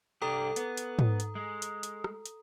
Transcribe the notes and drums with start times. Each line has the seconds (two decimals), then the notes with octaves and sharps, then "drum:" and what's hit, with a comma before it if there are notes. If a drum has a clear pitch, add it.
0.22 C2 D4 G4 A4 A#5 D#6
0.56 B3, drum: hi-hat
0.77 drum: hi-hat
0.99 drum: tom G#2
1.20 drum: hi-hat
1.35 G#3
1.62 drum: hi-hat
1.83 drum: hi-hat
2.04 drum: rim click
2.26 drum: hi-hat